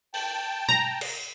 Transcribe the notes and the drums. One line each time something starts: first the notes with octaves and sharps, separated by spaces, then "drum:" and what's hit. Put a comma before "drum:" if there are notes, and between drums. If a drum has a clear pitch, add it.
G5 A5, drum: open hi-hat
A#5, drum: tom B2
drum: cymbal